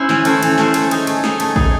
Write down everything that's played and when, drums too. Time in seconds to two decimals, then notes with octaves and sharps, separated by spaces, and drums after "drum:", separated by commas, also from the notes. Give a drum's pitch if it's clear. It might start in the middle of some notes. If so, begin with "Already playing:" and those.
Already playing: C#4 E4 C5
0.09 E3, drum: snare
0.25 A3 C#4 E4 C5, drum: cymbal
0.43 E3, drum: cymbal
0.58 A3 C#4 E4 C5, drum: snare
0.74 A3, drum: cymbal
0.91 D#4 G#4, drum: cymbal
1.07 A3, drum: cymbal
1.24 D#4 G#4, drum: snare
1.40 A3, drum: cymbal
1.56 D#4 G#4, drum: kick A1